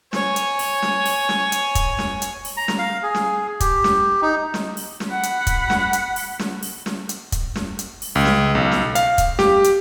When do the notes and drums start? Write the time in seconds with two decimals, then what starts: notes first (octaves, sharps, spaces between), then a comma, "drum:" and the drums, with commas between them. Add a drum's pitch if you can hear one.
0.13 C#5 G#5, drum: snare
0.36 drum: hi-hat
0.59 drum: open hi-hat
0.82 drum: snare
1.06 drum: open hi-hat
1.29 drum: snare
1.52 drum: hi-hat
1.75 drum: kick, hi-hat
1.98 drum: snare
2.22 drum: hi-hat
2.45 drum: open hi-hat
2.57 A#5
2.68 drum: snare
2.79 F5
3.03 G#4
3.15 drum: snare
3.60 G4, drum: kick, hi-hat
3.84 drum: snare
4.22 D#4
4.54 drum: snare
4.77 drum: open hi-hat
5.00 drum: snare
5.11 F#5 B5
5.23 drum: hi-hat
5.47 drum: kick, hi-hat
5.70 drum: snare
5.93 drum: hi-hat
6.16 drum: open hi-hat
6.39 drum: snare
6.63 drum: open hi-hat
6.86 drum: snare
7.09 drum: hi-hat
7.32 drum: kick, hi-hat
7.55 drum: snare
7.79 drum: hi-hat
8.02 drum: open hi-hat
8.15 C#2
8.25 drum: snare
8.55 B1
8.72 drum: snare
8.95 F5, drum: hi-hat
9.18 drum: kick, hi-hat
9.39 G4, drum: snare
9.64 drum: hi-hat